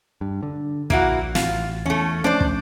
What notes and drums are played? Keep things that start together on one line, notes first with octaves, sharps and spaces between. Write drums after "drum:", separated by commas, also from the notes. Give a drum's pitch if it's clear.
G2
D3
A#1 A#3 E4 F#4, drum: kick
A1 F4, drum: snare
E2 A3 C#4
F3 A3 C#4 D4 C5 D5
drum: kick